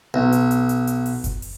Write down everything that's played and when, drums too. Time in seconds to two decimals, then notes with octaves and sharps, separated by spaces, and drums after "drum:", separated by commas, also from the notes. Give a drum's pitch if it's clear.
0.14 B1
0.32 drum: hi-hat
0.51 drum: hi-hat
0.69 drum: hi-hat
0.87 drum: hi-hat
1.06 drum: open hi-hat
1.24 drum: kick F#1, hi-hat
1.42 drum: open hi-hat